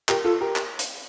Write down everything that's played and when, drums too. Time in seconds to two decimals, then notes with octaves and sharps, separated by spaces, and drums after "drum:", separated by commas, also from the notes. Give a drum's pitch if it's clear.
0.09 G4 A#4, drum: clap
0.24 F4 A4
0.41 G4 A#4
0.56 drum: clap
0.79 drum: hi-hat